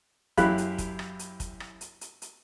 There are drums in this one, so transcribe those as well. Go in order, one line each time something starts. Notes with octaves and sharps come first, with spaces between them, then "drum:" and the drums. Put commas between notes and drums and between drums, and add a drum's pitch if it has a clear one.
F#2 E4 G4 F5 B5 F#6, drum: kick, hi-hat
drum: hi-hat
drum: kick, hi-hat
drum: rim click
drum: hi-hat
drum: kick, hi-hat
drum: rim click
drum: hi-hat
drum: hi-hat
drum: hi-hat